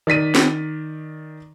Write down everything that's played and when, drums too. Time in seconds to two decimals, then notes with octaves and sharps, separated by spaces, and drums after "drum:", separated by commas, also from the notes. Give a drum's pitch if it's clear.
0.07 D#3 D5 B6 D#7
0.35 drum: snare